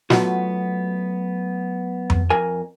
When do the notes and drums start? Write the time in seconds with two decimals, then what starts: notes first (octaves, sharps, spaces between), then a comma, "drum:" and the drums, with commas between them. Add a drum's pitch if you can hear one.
0.10 F#3 A3 B3 F4 F#4, drum: snare
2.10 drum: tom F2
2.30 F2 A#4 G#5